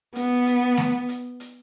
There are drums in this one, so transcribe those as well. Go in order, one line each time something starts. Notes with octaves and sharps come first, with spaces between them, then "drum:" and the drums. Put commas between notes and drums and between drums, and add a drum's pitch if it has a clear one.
B3, drum: hi-hat
drum: hi-hat
drum: snare A3
drum: hi-hat
drum: hi-hat